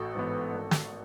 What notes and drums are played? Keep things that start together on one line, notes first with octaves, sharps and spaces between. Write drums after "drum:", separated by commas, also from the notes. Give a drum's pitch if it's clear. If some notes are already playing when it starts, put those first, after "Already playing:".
Already playing: A1 F#4 A4
G#2 E3 B3
G#1
drum: snare